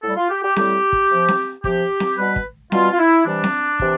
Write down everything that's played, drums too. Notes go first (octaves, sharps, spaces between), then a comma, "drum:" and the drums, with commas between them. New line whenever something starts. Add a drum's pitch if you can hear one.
A2 G3 A4
F4
G4
G4
A2 G3 G4, drum: snare C4
drum: kick
C3 F3
drum: snare C4
C3 F3 G4, drum: kick
drum: snare C4
B2 G3 B4
drum: kick
B2 G3 F4, drum: snare C4
F4
E4
C3 E3 G3 D4
drum: snare C4
C3 E3, drum: kick